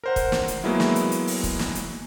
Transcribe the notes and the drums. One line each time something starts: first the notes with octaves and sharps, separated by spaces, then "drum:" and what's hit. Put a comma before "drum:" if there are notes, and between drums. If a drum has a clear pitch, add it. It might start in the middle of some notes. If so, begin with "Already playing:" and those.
A#4 C5 F#5
drum: kick, hi-hat
drum: snare
drum: hi-hat
F#3 G#3 A#3 B3 E4
drum: snare
drum: hi-hat
drum: hi-hat
drum: open hi-hat
drum: kick, hi-hat
drum: snare
drum: hi-hat